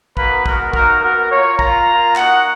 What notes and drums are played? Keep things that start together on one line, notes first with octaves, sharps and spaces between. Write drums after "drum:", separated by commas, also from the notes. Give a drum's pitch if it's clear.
A#3 D#4 F#4 B4, drum: kick
G#3 B3 F#4 A#4, drum: kick
A#3 D#4 F#4 A#4, drum: kick
B3 F#4 A#4
A#3 F4 C#5
A#3 F4 A#5, drum: kick
A#3 F4
A#3 D#4 F#4 F#5, drum: clap